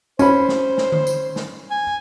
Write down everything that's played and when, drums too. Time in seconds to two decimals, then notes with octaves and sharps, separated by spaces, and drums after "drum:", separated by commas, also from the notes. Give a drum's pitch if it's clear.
0.19 C#4 C5 B5, drum: tambourine
0.48 drum: snare
0.78 drum: snare
0.92 drum: tom D3
1.07 drum: tambourine
1.36 drum: snare
1.71 G#5